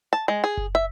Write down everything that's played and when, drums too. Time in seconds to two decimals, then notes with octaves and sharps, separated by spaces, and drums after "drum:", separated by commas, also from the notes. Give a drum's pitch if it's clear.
0.13 A5
0.28 G#3
0.44 G#4
0.57 drum: kick F#1
0.75 E5